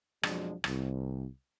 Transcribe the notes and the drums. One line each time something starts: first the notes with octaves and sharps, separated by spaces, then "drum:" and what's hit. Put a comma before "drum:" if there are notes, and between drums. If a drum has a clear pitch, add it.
F2 B2 F3 F#3 G#3 D4, drum: rim click
C2, drum: rim click